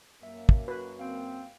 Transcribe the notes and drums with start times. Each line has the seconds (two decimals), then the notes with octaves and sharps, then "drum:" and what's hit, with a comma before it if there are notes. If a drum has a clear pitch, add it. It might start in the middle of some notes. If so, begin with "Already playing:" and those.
0.23 F#2 A#3 E5
0.49 drum: kick
0.68 F#4 B4
0.99 C4 F5 G5